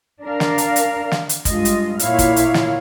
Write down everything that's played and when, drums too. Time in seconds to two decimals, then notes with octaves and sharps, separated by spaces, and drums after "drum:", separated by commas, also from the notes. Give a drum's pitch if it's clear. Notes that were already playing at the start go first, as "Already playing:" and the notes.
0.22 D4 A#4 F5
0.40 drum: snare
0.58 drum: hi-hat
0.76 drum: hi-hat
1.11 drum: snare
1.29 drum: hi-hat
1.45 G2 G#3 F4 D#5, drum: kick, hi-hat
1.65 drum: hi-hat
1.99 A#2 E4 C#5 F5, drum: hi-hat
2.19 drum: kick, hi-hat
2.36 drum: hi-hat
2.54 drum: snare